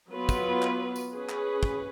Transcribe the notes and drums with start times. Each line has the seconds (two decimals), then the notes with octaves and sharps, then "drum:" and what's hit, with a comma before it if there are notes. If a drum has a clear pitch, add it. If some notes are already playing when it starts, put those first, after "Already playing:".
0.12 F#3 B3 F4 B4
0.29 drum: kick, tambourine
0.62 drum: clap
0.96 drum: tambourine
1.13 C#4 G#4 B4
1.29 drum: clap
1.63 drum: kick